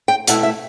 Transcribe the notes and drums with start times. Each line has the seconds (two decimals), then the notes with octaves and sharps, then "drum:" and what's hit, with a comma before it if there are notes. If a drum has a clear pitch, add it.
0.08 G5
0.27 B2 A3 E4 F#5, drum: hi-hat
0.43 E5